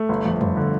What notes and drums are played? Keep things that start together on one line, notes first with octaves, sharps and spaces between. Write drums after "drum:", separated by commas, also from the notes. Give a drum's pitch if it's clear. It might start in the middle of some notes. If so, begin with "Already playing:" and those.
Already playing: A3
G1
F2
G1, drum: tom F2
D3